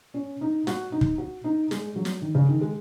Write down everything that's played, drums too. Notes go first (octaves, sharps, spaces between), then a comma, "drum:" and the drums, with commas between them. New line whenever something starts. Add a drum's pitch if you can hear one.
C#4
D#4
F#4, drum: snare
D#4
drum: kick
F#4
D#4
G#3, drum: snare
F#3
drum: snare
D#3
C#3
D#3
G#3